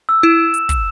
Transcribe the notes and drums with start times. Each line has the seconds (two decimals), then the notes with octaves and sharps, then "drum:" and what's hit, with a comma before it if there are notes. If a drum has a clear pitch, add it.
0.09 E6
0.23 E4 E7
0.54 drum: hi-hat
0.69 drum: kick, hi-hat